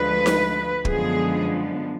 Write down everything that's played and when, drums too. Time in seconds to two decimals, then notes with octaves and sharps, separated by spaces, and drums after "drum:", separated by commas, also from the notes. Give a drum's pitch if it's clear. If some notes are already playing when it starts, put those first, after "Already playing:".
Already playing: D2 D3 F3 G#3 B4
0.26 drum: snare D#4
0.85 F#2 D3 F3 G#3 B3 G#4, drum: kick